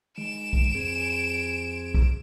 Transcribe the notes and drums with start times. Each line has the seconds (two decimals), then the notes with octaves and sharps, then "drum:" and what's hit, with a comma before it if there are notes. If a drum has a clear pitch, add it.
0.18 D#3 G#3 D7 E7
0.53 drum: kick B1
0.75 F2 C4 G#4
1.94 drum: kick B1